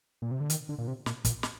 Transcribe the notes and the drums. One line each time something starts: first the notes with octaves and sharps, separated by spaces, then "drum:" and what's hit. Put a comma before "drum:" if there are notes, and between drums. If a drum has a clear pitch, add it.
A#2
C3
D3
D#3, drum: hi-hat
D3
A#2
C3
A#2, drum: snare
A#2, drum: kick, hi-hat
drum: snare